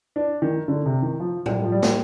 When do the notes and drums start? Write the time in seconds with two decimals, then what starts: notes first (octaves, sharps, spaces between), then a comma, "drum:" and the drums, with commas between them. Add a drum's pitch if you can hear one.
0.16 D4
0.42 D#3
0.68 D3
0.86 C3
1.02 D#3
1.20 F3
1.46 G3, drum: tom
1.64 F3
1.72 G3
1.83 drum: snare